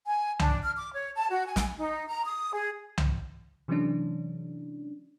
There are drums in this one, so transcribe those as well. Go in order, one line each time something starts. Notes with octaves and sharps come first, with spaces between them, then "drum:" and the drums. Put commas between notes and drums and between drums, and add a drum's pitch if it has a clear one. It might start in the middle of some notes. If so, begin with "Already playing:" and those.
G#5
D4, drum: tom C2
F6
D6
C#5
A5
F#4
G#5
drum: snare
D#4
A#5
D#6
G#4
drum: tom C2
C3 E3 F#3 G#3 C#4 D4